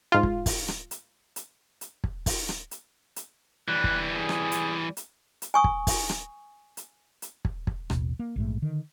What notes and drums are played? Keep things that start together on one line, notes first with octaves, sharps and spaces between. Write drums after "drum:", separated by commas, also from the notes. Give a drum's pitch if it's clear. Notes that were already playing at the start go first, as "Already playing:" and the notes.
G#2 F4
drum: kick
drum: kick, open hi-hat
drum: rim click
drum: hi-hat
drum: hi-hat
drum: hi-hat
drum: kick
drum: kick, open hi-hat
drum: rim click
drum: hi-hat
drum: hi-hat
E3 G3 F#6
drum: kick
G#4
drum: rim click
drum: hi-hat
drum: hi-hat
drum: hi-hat
G#5 C#6 D#6
drum: kick
drum: kick, open hi-hat
drum: rim click
drum: hi-hat
drum: hi-hat
drum: kick
drum: kick
A1 D#2 B2, drum: rim click
A#3
A#1 G#2 A3
D3 D#3